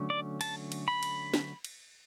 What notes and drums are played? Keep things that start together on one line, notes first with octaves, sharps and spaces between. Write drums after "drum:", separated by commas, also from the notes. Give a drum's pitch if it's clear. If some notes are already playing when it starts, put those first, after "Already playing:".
Already playing: D3 F#3 A3 C#4
D5
A5, drum: cymbal
drum: cymbal
B5
drum: cymbal
drum: snare
drum: cymbal